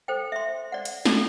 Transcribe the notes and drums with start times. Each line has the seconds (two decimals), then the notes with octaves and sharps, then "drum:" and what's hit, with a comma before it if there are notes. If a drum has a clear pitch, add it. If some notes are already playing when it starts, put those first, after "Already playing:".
0.08 A4 C5 G5
0.32 E5 C6
0.72 D5 F#5
0.85 drum: hi-hat
1.05 C#4 D#4 F4 F#4 A4 D5, drum: snare